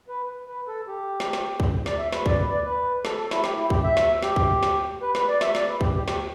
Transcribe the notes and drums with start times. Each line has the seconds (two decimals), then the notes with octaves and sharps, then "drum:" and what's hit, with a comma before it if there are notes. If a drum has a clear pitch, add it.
0.08 B4
0.48 B4
0.68 A4
0.87 G4
1.20 drum: snare
1.33 drum: snare
1.60 drum: kick
1.86 D5, drum: snare
1.99 E5
2.12 B4, drum: snare
2.26 D5, drum: kick
2.38 B4
2.49 D5
2.65 B4
3.05 A4, drum: snare
3.17 A4
3.31 E4, drum: snare
3.44 G4, drum: snare
3.57 E4
3.70 G4, drum: kick
3.84 E5
3.97 drum: snare
4.23 G4, drum: snare
4.36 drum: kick
4.63 drum: snare
5.02 B4
5.15 B4, drum: snare
5.28 D5
5.41 E5, drum: snare
5.55 D5, drum: snare
5.68 B4
5.81 G4, drum: kick
5.95 G4
6.08 G4, drum: snare